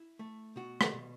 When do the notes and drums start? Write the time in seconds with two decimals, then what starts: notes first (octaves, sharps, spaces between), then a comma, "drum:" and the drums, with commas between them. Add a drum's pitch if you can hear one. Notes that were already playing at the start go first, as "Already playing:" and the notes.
Already playing: E4
0.19 A3
0.56 B2 F#4
0.81 drum: rim click
0.93 B2